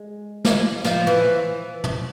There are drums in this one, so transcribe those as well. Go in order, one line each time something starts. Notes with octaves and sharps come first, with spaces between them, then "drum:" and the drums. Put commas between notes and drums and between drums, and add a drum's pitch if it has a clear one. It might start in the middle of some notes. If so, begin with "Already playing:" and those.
Already playing: G#3
drum: snare
F3, drum: snare
E3
drum: tom